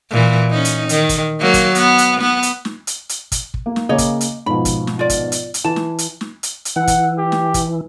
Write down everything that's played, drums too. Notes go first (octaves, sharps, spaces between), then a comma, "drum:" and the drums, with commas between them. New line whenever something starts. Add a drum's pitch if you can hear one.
A#2 E3
C#4 D#4
drum: hi-hat
D#3, drum: hi-hat
drum: kick, hi-hat
F#3 A#3
drum: kick, hi-hat
B3, drum: hi-hat
drum: hi-hat
B3, drum: snare
drum: hi-hat
drum: snare
drum: hi-hat
drum: hi-hat
drum: kick, hi-hat
drum: kick
A#3
drum: snare
C#3 A#3 C#5 D#5 D6
drum: kick, hi-hat
drum: hi-hat
G#2 B2 F3 B5
drum: kick, hi-hat
drum: snare
F4 D5
drum: kick, hi-hat
drum: hi-hat
drum: hi-hat
E3 A5
drum: snare
drum: hi-hat
drum: snare
drum: hi-hat
drum: hi-hat
E3 F#5
drum: kick, hi-hat
G4
drum: snare
drum: kick, hi-hat